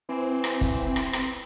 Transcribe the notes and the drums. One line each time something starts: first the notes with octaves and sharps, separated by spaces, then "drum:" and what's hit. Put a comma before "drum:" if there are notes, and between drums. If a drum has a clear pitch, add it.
E3 C4
drum: rim click
drum: kick, hi-hat
drum: rim click
drum: rim click